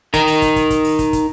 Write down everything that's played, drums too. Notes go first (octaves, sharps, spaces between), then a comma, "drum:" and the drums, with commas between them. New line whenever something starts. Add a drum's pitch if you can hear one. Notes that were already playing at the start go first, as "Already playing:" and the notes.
D#4 A#4, drum: kick, hi-hat
drum: open hi-hat
drum: kick, hi-hat
drum: kick, hi-hat
drum: kick, hi-hat
drum: open hi-hat
drum: kick, hi-hat
drum: kick, hi-hat